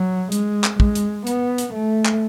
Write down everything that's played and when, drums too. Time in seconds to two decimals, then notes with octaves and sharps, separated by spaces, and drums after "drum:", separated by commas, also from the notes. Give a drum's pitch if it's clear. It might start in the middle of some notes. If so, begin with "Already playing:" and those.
Already playing: F#3
0.32 G#3, drum: hi-hat
0.64 drum: clap
0.80 G#3, drum: kick
0.95 drum: hi-hat
1.27 B3, drum: hi-hat
1.58 drum: hi-hat
1.74 A3
2.05 drum: clap